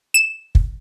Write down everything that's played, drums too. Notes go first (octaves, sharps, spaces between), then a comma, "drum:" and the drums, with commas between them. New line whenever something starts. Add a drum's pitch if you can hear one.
E7
drum: kick